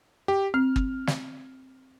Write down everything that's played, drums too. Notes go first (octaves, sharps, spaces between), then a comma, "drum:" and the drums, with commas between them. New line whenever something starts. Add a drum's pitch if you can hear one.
G4
C4 F6
drum: kick
drum: snare